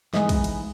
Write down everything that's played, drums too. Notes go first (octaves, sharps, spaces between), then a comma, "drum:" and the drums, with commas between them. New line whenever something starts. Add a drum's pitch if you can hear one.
G#2 E3 G#3 B3 D#5, drum: snare
drum: kick, cymbal
drum: cymbal